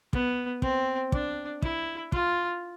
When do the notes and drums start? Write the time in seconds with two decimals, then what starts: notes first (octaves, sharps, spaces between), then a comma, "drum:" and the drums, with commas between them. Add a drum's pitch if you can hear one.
0.13 B3, drum: kick
0.62 C4, drum: kick
1.12 D4, drum: kick
1.62 E4, drum: kick
2.12 F4, drum: kick